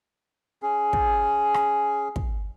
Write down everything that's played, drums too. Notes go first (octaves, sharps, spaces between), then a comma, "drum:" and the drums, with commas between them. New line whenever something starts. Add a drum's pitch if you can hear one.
C#4 G#4
drum: kick
drum: rim click
drum: kick